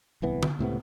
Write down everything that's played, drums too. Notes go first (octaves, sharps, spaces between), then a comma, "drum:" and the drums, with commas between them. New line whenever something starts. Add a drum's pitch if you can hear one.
D1 C2 E3 B3
drum: tom D3
C#2 A2 C3 B3